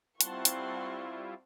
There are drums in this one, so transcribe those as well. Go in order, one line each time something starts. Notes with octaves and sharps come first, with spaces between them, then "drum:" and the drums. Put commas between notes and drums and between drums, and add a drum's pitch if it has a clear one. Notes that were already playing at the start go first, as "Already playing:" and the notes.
G3 C4 E4 F4 F#5 A5 C6 C#6, drum: hi-hat
drum: hi-hat